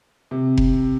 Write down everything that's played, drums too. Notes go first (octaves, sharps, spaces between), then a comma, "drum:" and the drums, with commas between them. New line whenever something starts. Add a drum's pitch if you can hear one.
C3
drum: kick F1